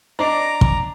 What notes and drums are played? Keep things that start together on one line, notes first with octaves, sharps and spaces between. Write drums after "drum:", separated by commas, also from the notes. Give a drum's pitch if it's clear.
D4 C5 D#5 A#5 D6
drum: kick